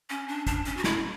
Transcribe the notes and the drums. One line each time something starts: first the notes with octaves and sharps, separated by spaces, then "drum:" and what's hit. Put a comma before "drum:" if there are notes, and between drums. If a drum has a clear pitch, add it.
C#4
D4
D4, drum: kick, hi-hat
C#4, drum: hi-hat
F#4
E4, drum: snare